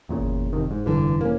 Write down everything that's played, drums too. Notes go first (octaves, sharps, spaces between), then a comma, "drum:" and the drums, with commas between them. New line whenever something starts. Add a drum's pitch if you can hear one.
E2 A#2 C#3
drum: kick F#1
F2 C3 D#3
G#2
F1 G2 D3 E3
A#3 C#4